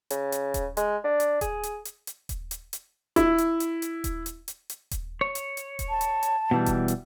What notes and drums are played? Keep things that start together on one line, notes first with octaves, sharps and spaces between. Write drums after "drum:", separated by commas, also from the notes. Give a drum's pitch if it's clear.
C#3, drum: hi-hat
drum: hi-hat
drum: kick D#1, hi-hat
G#3, drum: hi-hat
D4
drum: hi-hat
G#4, drum: kick D#1, hi-hat
drum: hi-hat
drum: hi-hat
drum: hi-hat
drum: kick D#1, hi-hat
drum: hi-hat
drum: hi-hat
E4, drum: kick D#1, hi-hat
drum: hi-hat
drum: hi-hat
drum: hi-hat
drum: kick D#1, hi-hat
drum: hi-hat
drum: hi-hat
drum: hi-hat
drum: kick D#1, hi-hat
C#5
drum: hi-hat
drum: hi-hat
drum: kick D#1, hi-hat
A5
drum: hi-hat
drum: hi-hat
B2 E3 G3
drum: kick D#1, hi-hat
drum: hi-hat